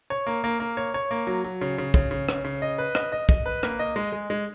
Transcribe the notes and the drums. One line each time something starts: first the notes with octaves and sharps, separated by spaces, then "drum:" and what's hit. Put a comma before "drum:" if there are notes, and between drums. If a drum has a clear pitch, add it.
C#5
A#3
A#3
A#3
C#5
C#5
A#3
F#3
F#3
C#3
C#3
C#3, drum: kick
C#3
C#3, drum: rim click
C#3
D#5
B4
D#5, drum: rim click
D#5
D#5, drum: kick
B4
A#3, drum: rim click
D#5
G#3
G#3
G#3